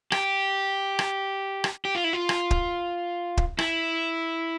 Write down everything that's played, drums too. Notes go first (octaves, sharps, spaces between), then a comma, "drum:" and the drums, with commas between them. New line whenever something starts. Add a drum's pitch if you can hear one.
G4, drum: rim click
drum: rim click
drum: rim click
G4
F4
E4
F4
drum: rim click
drum: kick
drum: kick
E4, drum: rim click